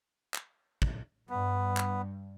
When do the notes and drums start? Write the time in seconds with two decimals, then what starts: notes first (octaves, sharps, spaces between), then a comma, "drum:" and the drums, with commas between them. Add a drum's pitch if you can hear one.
0.34 drum: clap
0.82 drum: kick
1.29 G2 B3
1.77 drum: clap